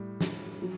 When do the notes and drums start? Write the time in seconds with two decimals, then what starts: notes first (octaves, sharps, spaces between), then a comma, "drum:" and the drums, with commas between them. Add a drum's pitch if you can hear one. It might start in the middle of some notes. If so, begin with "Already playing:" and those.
Already playing: A2 G3
0.21 drum: snare
0.62 F#3